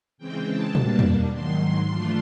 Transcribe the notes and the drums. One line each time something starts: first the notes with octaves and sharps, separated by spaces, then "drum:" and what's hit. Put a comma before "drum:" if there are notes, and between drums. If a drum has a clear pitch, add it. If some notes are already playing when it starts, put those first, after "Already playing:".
C#3 E3 G#3 C4 G5
A5
B2 G3 A#3 D4, drum: tom
drum: tom
G#2 D#3 F#3 C6
E3 A3 D4 F4